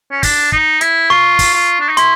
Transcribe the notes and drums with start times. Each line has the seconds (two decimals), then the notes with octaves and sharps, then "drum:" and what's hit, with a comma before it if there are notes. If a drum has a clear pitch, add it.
0.11 C#4
0.23 D4, drum: kick, open hi-hat
0.52 D#4, drum: kick
0.81 E4, drum: hi-hat
1.10 F4 C#6
1.39 drum: kick, open hi-hat
1.54 F4
1.80 D4
1.89 D#4
1.97 E4 C6, drum: hi-hat